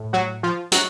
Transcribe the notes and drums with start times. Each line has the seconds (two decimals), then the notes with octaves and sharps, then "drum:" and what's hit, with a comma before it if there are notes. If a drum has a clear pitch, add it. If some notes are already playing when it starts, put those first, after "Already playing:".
Already playing: A2
0.13 F#3 F#4
0.43 F3 F4
0.72 F#3 F#4, drum: hi-hat